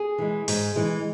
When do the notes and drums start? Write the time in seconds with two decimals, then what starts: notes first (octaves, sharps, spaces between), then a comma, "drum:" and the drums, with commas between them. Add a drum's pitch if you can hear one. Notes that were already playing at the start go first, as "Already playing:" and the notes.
Already playing: G#4
0.18 E3 G#3
0.48 G#2, drum: open hi-hat
0.76 E3 G#3